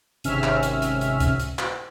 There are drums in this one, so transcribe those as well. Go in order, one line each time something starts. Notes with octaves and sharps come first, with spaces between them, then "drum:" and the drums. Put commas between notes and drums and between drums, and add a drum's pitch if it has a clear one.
G#1 C3 C#4 E5 F6, drum: hi-hat
drum: clap
drum: hi-hat
drum: hi-hat
drum: hi-hat
drum: kick C#2, hi-hat
drum: hi-hat
drum: clap